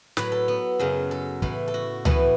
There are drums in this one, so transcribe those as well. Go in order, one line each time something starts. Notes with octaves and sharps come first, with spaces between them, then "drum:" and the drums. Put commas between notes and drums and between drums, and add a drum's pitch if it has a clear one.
A2 F#3 B4, drum: snare
A4
B3
F#2 C#3 F#3
A4
A2 E3, drum: kick
A4
F#4
A2 E3 B3, drum: tom C#2